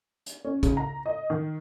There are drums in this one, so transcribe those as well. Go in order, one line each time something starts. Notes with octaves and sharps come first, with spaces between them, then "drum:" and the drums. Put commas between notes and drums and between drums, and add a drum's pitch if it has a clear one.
drum: hi-hat
C#4
C#3, drum: kick, hi-hat
A#5
D#5
D#3